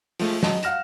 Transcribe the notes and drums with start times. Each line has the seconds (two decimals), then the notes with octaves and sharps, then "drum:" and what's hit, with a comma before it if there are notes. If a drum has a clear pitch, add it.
0.19 F3 G#3 A3, drum: open hi-hat
0.43 F#3 G#3 D#5 A5, drum: snare
0.63 F5 F#5 F6 A#6 E7, drum: hi-hat